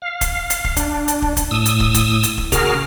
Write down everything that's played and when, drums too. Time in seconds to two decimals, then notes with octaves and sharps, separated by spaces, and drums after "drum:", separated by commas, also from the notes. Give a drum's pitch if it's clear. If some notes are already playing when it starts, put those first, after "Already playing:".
0.02 F5
0.21 drum: kick, hi-hat
0.50 drum: hi-hat
0.64 drum: kick
0.76 D4, drum: kick, hi-hat
1.08 drum: hi-hat
1.22 drum: kick
1.37 drum: kick, hi-hat
1.51 A2 D#6 E6
1.65 drum: hi-hat
1.80 drum: kick
1.94 drum: kick, hi-hat
2.23 drum: hi-hat
2.38 drum: kick
2.52 C#3 F#4 G#4 A#4 F6, drum: kick, hi-hat